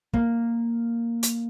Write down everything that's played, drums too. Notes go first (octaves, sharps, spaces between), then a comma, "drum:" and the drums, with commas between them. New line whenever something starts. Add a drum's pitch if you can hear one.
A#3, drum: kick
drum: hi-hat